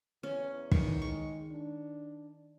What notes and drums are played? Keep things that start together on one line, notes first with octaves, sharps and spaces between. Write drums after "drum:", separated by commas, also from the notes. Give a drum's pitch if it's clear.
E2 C#4
D#3 C#6, drum: kick
G#3 C#6
D4